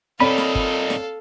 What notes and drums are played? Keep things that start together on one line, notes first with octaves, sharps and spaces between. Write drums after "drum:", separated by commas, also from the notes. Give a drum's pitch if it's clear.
A#2 C4 D#4 A4 C#5 D5 F5 B5
drum: snare
drum: kick G1
drum: snare